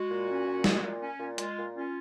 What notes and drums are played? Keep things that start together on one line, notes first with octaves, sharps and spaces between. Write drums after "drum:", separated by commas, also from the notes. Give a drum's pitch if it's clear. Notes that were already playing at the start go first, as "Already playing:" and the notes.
Already playing: G#3 F#4
A#2
C#4
A#2
G#3, drum: snare
A#2
C#4
A#2
G#3 F4, drum: hi-hat
A#2
C#4 F4